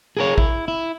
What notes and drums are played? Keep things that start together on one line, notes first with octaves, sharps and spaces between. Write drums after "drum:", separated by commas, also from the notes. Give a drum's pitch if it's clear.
G#4 A#4 C#5
E4, drum: kick
E4